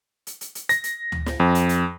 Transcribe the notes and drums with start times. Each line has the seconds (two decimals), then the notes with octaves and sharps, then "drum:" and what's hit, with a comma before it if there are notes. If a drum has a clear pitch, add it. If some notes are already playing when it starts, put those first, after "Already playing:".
0.27 drum: hi-hat
0.41 drum: hi-hat
0.55 drum: hi-hat
0.69 A#6, drum: hi-hat
0.84 drum: hi-hat
1.12 drum: tom D2
1.26 drum: snare
1.40 F2
1.55 drum: hi-hat
1.69 drum: hi-hat